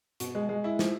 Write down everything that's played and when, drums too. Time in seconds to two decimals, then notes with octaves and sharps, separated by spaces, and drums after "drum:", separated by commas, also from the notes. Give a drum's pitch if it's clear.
0.20 B2, drum: hi-hat
0.35 G#3
0.49 G#3
0.64 E4
0.79 F3, drum: snare